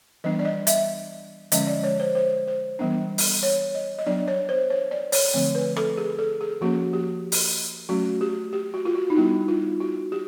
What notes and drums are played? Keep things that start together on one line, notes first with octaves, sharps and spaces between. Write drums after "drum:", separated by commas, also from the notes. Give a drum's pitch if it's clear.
E3 G3 B3 D4 D#5
D5
D#5
E5, drum: hi-hat
D3 F3 G#3 C#4 D#5, drum: hi-hat
D5
C#5
C5
C5
C5
E3 G3 B3 D4
drum: open hi-hat
C#5
D#5
D#5
F#3 B3 D4 D5
C#5
C5
C#5
D5
C#5, drum: open hi-hat
D3 F3 A3 C4 C#5
B4
A4, drum: rim click
G#4
A4
G#4
F3 A#3 C#4 F#4
G4
drum: open hi-hat
F#3 A3 C#4 F#4
G4
G4
F#4
F4
F#4
D#4
G3 B3 D4 E4
F4
F#4
G4